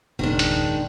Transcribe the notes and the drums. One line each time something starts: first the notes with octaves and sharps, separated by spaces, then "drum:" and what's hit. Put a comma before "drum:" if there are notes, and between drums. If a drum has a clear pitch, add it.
F#1 D#2 A#2 D#3 G#3 D4
drum: hi-hat